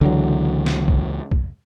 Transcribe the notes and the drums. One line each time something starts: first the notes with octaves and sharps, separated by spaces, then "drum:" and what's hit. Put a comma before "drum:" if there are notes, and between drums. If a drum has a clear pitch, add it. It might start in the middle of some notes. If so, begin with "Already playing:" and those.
C#2 D3 E3 F#3
drum: snare
drum: kick
drum: kick